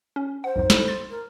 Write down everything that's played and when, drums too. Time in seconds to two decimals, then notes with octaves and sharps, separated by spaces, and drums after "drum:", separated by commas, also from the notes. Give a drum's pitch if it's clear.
0.16 C#4
0.44 C5 F#5
0.56 B1 F2 G#2
0.70 D#4 E4 A4, drum: snare
0.88 C6 A6
1.10 A#4